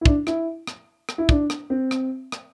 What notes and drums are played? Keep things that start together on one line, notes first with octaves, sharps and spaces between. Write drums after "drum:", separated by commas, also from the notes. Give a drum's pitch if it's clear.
E4
D4, drum: kick
E4, drum: rim click
drum: rim click
drum: rim click
E4
D4, drum: kick
drum: rim click
C4
drum: rim click
drum: rim click